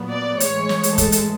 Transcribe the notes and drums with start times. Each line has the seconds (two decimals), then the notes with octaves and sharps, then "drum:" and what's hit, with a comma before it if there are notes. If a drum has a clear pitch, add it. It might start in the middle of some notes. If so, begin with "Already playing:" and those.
Already playing: A#2 F#3 B3
0.12 D5
0.40 A2 E3 G#3 C#5, drum: hi-hat
0.69 drum: snare
0.83 drum: hi-hat
0.98 A4, drum: kick, hi-hat
1.12 drum: hi-hat